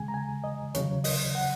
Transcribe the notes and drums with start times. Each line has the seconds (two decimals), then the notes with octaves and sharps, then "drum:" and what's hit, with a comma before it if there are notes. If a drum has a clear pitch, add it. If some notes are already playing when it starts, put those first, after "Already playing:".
Already playing: D#2 C#3 G#3 G#5
0.08 A#5
0.14 G#5
0.44 D#5
0.75 D#2 C#3 F#3 C#5, drum: hi-hat
1.04 D#5, drum: open hi-hat
1.35 F#5